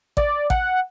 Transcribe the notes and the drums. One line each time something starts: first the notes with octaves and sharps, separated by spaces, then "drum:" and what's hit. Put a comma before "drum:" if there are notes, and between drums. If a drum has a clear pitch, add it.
D5, drum: kick
F#5, drum: kick